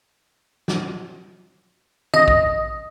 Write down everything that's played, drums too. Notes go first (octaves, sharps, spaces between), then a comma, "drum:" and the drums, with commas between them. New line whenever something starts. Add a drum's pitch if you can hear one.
drum: snare
D#5, drum: tom
drum: kick A#1